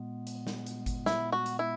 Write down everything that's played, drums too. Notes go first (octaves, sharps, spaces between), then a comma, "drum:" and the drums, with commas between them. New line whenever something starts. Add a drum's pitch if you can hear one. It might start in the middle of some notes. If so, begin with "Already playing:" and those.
Already playing: A#2 G#3 B3
drum: hi-hat
drum: snare
drum: hi-hat
drum: kick G#1, hi-hat
E4, drum: snare
F#4
drum: hi-hat
E4